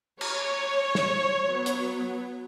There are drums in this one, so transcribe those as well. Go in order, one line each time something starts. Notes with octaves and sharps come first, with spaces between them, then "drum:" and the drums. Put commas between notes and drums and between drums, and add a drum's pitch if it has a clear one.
C#5, drum: cymbal
drum: snare
F#3 B3
drum: hi-hat